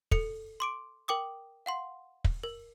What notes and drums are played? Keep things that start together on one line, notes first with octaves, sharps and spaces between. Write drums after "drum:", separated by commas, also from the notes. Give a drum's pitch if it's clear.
A4 C#7, drum: kick
C6 D6 D7
A#4 G5 D6 D#6
F5 F#5 C6
drum: kick
A#4